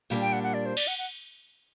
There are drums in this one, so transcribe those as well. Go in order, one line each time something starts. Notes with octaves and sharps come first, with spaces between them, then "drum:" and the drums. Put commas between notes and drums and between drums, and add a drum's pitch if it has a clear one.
A#2 G3 A#3 D4
G5
F#5
F#5
D5
C5
D5, drum: cymbal
F#5
F#5